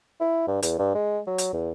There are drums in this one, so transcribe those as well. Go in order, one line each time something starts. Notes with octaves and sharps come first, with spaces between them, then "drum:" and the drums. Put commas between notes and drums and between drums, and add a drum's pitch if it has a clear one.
E4
G2
E2, drum: hi-hat
G2
G#3
F#3
drum: hi-hat
E2